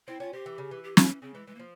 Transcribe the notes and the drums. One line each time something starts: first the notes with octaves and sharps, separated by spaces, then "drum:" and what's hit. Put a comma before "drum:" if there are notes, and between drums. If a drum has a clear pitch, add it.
C4 E4
C#4 F4
C4 G4
E3
C#3
E3
G4
F4, drum: snare
C#4
C#3 C4
E3 G#3
E3 G#3
A#3
F3